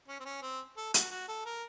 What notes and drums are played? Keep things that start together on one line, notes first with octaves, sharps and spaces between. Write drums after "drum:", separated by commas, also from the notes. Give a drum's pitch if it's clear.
C#4
C4
C#4
C4
A4
F#4, drum: hi-hat
F#4
A4
A#4